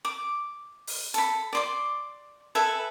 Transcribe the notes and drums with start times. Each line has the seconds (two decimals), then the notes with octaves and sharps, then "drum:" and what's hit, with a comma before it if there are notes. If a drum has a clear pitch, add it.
0.05 D6
0.87 drum: open hi-hat
1.14 A4 B5, drum: hi-hat
1.53 D5 C6 D6
2.55 A4 B4 E5 G#5